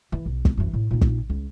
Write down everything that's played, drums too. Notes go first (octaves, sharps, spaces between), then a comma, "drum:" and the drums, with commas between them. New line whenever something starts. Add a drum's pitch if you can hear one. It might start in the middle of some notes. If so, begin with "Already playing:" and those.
E3
B1
drum: kick
F#2 E3
A2
A#2 D#4
drum: kick
C#2